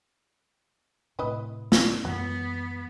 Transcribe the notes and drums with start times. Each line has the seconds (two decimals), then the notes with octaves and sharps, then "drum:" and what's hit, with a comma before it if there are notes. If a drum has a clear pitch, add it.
1.19 A2 C3 E4 B4 D#5
1.72 D#3 C#4 F4 D5, drum: snare
2.05 F#2 E3 F#3 B3